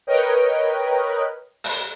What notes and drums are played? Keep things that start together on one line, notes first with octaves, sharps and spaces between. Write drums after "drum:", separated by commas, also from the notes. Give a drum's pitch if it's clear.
A#4 B4 C#5 D#5 G5
drum: open hi-hat